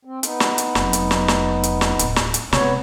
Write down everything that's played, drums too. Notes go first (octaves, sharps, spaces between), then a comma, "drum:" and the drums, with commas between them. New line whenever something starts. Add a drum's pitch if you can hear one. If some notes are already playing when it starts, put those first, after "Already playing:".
C4
B3 D#4, drum: hi-hat
drum: snare
drum: hi-hat
F1 F#3, drum: snare
drum: hi-hat
drum: snare
drum: snare
drum: hi-hat
drum: snare
D1, drum: hi-hat
drum: snare
drum: hi-hat
C3 G#3 B3 C#5, drum: snare